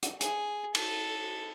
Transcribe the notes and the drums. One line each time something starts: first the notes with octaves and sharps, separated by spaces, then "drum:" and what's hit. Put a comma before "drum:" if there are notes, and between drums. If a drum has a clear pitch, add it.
drum: hi-hat
G#4, drum: hi-hat
A4, drum: cymbal